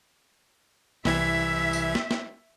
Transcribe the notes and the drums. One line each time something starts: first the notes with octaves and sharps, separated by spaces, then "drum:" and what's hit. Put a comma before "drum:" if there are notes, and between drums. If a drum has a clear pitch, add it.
C2 E3 E5 G#6, drum: snare
drum: tambourine
drum: snare
drum: snare